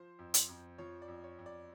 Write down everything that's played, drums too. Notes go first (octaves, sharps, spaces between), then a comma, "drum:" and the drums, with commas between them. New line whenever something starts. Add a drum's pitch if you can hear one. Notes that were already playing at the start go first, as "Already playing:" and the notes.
Already playing: F3 C5
F2
drum: hi-hat
F2
F3 C#5
D5
F2
C#5
F2
D5